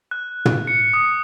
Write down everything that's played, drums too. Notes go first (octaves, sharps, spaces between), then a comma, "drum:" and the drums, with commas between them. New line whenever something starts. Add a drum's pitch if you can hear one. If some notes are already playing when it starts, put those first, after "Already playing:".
F#6
drum: tom
C#7
D#6